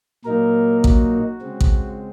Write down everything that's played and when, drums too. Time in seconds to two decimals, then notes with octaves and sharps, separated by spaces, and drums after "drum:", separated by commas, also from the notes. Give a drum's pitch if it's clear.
0.25 A#2 F#3 A#3 D#4 A#4
0.84 F#4, drum: kick A1
1.41 C#3 G#3 C4
1.61 drum: kick A1